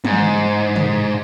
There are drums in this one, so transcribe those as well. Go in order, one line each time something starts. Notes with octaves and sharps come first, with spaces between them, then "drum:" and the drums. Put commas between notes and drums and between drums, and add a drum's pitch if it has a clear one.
G#2, drum: tom
drum: tom